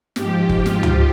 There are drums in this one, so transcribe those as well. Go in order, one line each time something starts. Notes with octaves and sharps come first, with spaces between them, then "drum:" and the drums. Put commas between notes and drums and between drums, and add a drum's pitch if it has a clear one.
G#2 F3 G4, drum: snare
drum: kick G1
F4, drum: snare
drum: tom C#2